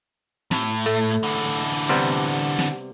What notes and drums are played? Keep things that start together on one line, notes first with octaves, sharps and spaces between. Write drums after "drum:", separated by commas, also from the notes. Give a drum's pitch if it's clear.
A2, drum: snare
A3
drum: hi-hat
D3 E3
drum: hi-hat
drum: hi-hat
C3 G3 B3
drum: hi-hat
drum: hi-hat
drum: snare